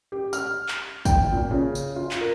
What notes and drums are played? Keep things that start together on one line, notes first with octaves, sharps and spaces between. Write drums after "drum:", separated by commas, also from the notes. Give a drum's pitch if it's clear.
G4
F6, drum: tambourine
drum: clap
G5, drum: kick, tambourine
A#2
C#3
drum: tambourine
F4
drum: clap
A#4